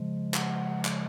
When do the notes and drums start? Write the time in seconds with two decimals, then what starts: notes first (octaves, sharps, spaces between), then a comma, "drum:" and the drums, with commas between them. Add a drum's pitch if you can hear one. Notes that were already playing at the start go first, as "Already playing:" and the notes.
Already playing: C#3 F3 G#3
0.34 F#5, drum: clap
0.85 drum: clap